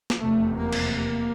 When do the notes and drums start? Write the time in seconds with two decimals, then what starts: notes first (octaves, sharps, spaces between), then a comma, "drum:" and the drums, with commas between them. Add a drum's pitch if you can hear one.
0.10 drum: snare
0.20 F1 E2 C3 A3
0.57 A#3
0.73 drum: cymbal
0.93 A#3